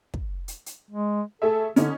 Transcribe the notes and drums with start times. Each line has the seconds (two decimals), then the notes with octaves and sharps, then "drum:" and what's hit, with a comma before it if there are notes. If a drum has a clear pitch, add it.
0.14 drum: kick
0.48 drum: hi-hat
0.66 drum: hi-hat
0.91 G#3
1.42 A3 G#4 A4 E5
1.76 D3 C#4 D#4, drum: hi-hat